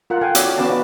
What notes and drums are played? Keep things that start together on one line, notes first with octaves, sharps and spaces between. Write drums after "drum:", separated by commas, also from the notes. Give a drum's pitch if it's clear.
F4 A#4 F#5
A4 F5 G5 G#5
F#4 C#5 D5 F5, drum: hi-hat
B3 C#4 F#4 B4 D5 A5
D#4 B4